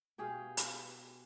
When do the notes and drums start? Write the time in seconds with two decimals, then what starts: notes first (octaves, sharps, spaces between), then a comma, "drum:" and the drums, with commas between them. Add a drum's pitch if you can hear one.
0.18 B2 G4 G#4 F5
0.57 drum: hi-hat